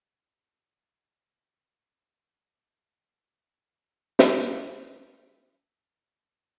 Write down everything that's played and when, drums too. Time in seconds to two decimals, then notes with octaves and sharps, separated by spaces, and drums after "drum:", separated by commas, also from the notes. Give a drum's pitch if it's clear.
0.09 G#3 F5 E6
2.65 G4 A#4 C5 C#5 E5 A5
4.19 drum: snare
5.42 C4 C#4